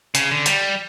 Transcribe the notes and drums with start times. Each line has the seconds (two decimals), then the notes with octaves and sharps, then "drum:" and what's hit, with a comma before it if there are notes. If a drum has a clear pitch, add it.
0.15 C#3, drum: hi-hat
0.31 D3
0.46 G3, drum: hi-hat